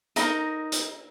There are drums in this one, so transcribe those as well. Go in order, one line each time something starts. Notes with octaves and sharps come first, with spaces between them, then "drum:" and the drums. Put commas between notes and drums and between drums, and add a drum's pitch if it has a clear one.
D#4 A#4 D#5 A#5, drum: hi-hat
drum: hi-hat